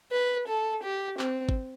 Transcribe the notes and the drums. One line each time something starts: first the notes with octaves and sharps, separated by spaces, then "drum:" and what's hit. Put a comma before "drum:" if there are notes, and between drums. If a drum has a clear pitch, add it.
B4
A4
G4
C4, drum: clap
drum: kick